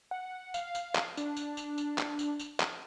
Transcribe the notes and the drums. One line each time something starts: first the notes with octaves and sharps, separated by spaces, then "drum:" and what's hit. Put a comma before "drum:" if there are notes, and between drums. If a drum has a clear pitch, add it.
F#5
F5, drum: tambourine
drum: tambourine
drum: clap
D4, drum: tambourine
drum: tambourine
drum: tambourine
drum: tambourine
drum: clap
drum: tambourine
drum: tambourine
drum: clap